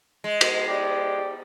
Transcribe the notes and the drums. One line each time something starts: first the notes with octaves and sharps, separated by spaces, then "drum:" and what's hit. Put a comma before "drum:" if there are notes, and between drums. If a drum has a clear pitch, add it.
G#3
drum: cymbal
G4 D5